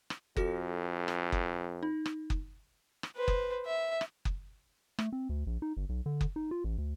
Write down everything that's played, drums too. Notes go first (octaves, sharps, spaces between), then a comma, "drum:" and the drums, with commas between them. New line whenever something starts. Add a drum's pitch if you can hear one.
drum: rim click
F2 F#4 A4 A#6, drum: kick F#1
drum: rim click
drum: kick F#1
D#4
drum: rim click
drum: kick F#1
drum: rim click
B4 C5
drum: kick F#1
E5
drum: rim click
drum: kick F#1
A3, drum: rim click
C4
D2
A#1
D#4
G1
B1
D3
drum: kick F#1
D#4
F4
A1
D2